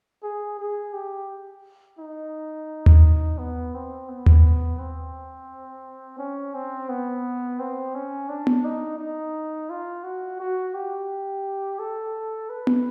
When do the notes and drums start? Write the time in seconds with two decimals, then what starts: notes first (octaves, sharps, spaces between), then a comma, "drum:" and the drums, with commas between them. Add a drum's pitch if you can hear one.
0.23 G#4
0.59 G#4
0.93 G4
1.99 D#4
2.86 drum: tom D#2
3.38 B3
3.74 C4
4.09 B3
4.26 drum: tom D#2
4.79 C4
6.18 C#4
6.54 C4
6.89 B3
7.60 C4
7.95 C#4
8.29 D4
8.47 drum: tom B3
8.65 D#4
8.99 D#4
9.70 F4
10.04 F#4
10.40 F#4
10.74 G4
11.79 A4
12.50 B4
12.67 drum: tom B3